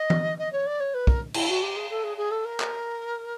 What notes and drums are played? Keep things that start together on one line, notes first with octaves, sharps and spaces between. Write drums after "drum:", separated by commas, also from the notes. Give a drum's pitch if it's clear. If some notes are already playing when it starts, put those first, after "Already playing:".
Already playing: D#5
drum: tom E3
D#5
C#5
D5
C#5
B4
A#4, drum: kick
E4, drum: cymbal
F#4
G4
G#4
A4
G#4
G#4
A4
A#4
drum: clap